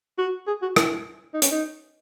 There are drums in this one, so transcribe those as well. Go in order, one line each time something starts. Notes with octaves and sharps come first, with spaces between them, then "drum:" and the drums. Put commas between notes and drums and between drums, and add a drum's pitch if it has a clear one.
F#4
G#4
F#4
E4, drum: rim click
D#4
C#4, drum: hi-hat
D#4